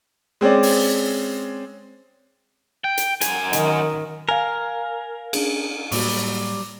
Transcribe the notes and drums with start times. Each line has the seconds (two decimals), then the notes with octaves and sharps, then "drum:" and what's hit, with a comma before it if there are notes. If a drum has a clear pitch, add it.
0.41 G#3 C4 C#4 D5
0.63 drum: open hi-hat
2.84 G5
2.98 drum: hi-hat
3.21 F#2 G#5, drum: hi-hat
3.53 D#3, drum: hi-hat
4.29 A#4 F5 G#5
5.33 C#4 D4 G#4, drum: cymbal
5.92 A2 F#3 G3 A#3 F#4, drum: open hi-hat